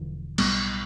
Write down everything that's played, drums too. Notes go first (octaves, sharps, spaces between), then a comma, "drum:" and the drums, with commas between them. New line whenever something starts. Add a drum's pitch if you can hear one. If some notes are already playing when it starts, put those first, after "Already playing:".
Already playing: E1 E2 D3 F3
B1 A2 G3 B3, drum: cymbal